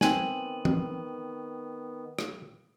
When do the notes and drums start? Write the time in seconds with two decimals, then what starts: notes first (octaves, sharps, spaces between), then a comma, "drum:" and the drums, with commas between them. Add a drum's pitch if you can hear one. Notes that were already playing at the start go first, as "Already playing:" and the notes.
0.01 D#3 B3 C4 G5 G#5 D#7 F#7, drum: snare
0.65 drum: tom E3
2.19 drum: rim click